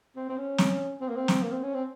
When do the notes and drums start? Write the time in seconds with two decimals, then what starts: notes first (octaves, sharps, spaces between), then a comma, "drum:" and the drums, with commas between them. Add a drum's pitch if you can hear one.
0.16 C4
0.29 C4
0.38 C#4
0.58 drum: snare
1.00 C4
1.09 A#3
1.16 C4
1.28 drum: snare
1.42 A#3
1.52 C4
1.63 C#4
1.74 C4